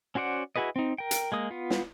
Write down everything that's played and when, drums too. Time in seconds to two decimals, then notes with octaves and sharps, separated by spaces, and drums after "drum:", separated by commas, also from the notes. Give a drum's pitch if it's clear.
0.15 C#4 F#4 C5 D5 F#5
0.56 E4 F#4 G#4 B4 D#5
0.76 C4 D#4
0.98 A#4 G5
1.11 drum: hi-hat
1.32 G#3 A#3 D#6
1.51 B3 F4
1.70 drum: snare